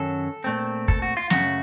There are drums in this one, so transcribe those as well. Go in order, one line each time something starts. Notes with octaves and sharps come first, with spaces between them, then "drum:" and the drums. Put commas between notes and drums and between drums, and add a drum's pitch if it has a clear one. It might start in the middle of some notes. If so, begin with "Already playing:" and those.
Already playing: F#2 D#3 F#3 C#4 A4
A#2 A3 C4
A4, drum: kick
F#4
F4
F#2 C#3 A3 F#4, drum: snare